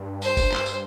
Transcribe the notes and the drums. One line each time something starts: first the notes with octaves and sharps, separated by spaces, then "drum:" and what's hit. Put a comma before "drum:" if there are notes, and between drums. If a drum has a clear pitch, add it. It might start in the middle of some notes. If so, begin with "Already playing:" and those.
Already playing: G2
C5, drum: tambourine
drum: kick F#1, tambourine
G2, drum: clap
drum: tambourine